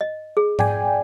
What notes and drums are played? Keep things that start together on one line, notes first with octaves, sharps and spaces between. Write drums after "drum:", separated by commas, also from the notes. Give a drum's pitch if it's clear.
D#5
G#4
D5 G5 G#5, drum: tom G#2